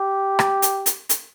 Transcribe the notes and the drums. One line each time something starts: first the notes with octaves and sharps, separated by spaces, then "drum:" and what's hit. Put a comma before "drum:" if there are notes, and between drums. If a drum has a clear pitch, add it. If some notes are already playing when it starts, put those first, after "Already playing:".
Already playing: G4
drum: rim click
drum: hi-hat
drum: hi-hat
drum: hi-hat